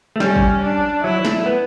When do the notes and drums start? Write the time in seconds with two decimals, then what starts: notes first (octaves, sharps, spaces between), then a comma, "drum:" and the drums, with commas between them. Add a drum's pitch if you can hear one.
0.16 A3
0.20 G3 C#4, drum: snare
0.35 drum: kick G#1
0.62 D4
1.04 F#3 E4
1.25 A3, drum: snare
1.46 B3